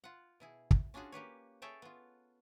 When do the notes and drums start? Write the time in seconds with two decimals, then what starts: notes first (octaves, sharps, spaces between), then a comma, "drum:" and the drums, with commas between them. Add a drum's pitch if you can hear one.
0.04 F4 F#5
0.40 B2 E4 G#4
0.71 drum: kick
0.94 C#4 D4 F4 F#4 G#4
1.12 A#3 G4 B4 C#5
1.62 G#4 A4 C#5 E5 G5 A5
1.82 B3 F4